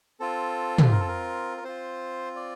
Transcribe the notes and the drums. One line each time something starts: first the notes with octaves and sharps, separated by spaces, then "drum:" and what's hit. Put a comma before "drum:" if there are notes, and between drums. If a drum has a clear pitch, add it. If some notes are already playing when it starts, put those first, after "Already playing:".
C4 F4 A4
drum: tom
A#4
A4
A#4
A#4
C4 F4 C5
D5